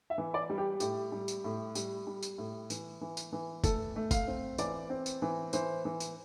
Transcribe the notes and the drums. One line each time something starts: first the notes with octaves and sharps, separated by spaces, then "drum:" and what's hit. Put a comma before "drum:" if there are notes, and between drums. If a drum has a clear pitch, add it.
E5
E3
D5
G3
G4
A2 G4, drum: tambourine
G3
drum: tambourine
A2
G3, drum: tambourine
G3
drum: tambourine
A2
E3, drum: tambourine
E3
drum: tambourine
E3
A3 A4, drum: kick, tambourine
A3
F5, drum: kick, tambourine
C4
E3 D5, drum: tambourine
C4
drum: tambourine
E3
E3 C5, drum: tambourine
E3
drum: tambourine